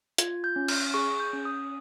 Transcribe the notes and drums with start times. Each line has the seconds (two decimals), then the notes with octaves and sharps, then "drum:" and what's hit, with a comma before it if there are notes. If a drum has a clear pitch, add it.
0.18 F4 G#6, drum: hi-hat
0.44 G6
0.56 C#4
0.68 F6, drum: cymbal
0.94 G#4 C#6
1.20 G6
1.33 C#4
1.45 D#6